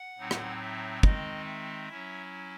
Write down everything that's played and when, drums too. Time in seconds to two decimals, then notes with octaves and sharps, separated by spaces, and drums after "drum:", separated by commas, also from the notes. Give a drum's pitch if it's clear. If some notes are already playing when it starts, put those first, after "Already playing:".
Already playing: F#5
0.18 A2 F#3 C4 D#4
0.31 drum: rim click
0.61 E5
1.03 D#3 G#3 C4 D#4 D#5, drum: kick
1.46 E5
1.89 F#3 C#4 E4